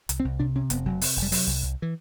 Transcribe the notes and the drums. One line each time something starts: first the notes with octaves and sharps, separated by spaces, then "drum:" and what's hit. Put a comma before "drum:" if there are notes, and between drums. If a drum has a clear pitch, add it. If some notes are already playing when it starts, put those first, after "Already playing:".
C2, drum: hi-hat
C4
C2
C3 D4
C3 C#4
F1 B3, drum: hi-hat
F1 F#3
C3, drum: open hi-hat
F1
G3
C3 F#3, drum: open hi-hat
C2
C2
E3